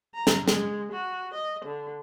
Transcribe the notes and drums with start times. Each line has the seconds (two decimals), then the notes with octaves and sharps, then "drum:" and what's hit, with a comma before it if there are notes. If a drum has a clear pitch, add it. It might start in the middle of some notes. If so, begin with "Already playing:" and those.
0.15 A#5
0.27 drum: snare
0.48 G#3, drum: snare
0.92 F#4
1.34 D#5
1.65 D3